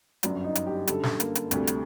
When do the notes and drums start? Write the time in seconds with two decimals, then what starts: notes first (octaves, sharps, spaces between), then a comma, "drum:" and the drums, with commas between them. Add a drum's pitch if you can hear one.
0.23 G1 F#2 F#3 D4, drum: hi-hat
0.44 D#4
0.55 drum: hi-hat
0.66 G4
0.87 F#2 D3 G3 A4, drum: hi-hat
1.03 drum: snare
1.20 A#3, drum: hi-hat
1.35 drum: hi-hat
1.51 D2 C3 G3 A3, drum: hi-hat
1.67 drum: hi-hat